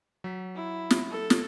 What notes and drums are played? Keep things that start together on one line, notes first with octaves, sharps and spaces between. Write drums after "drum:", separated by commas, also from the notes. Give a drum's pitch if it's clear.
F#3 B6
E4
drum: snare
A4
drum: snare